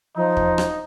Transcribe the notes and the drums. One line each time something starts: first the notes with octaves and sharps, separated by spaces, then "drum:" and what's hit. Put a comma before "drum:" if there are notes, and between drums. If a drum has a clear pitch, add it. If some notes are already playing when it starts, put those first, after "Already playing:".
F3 D#4
drum: kick
drum: rim click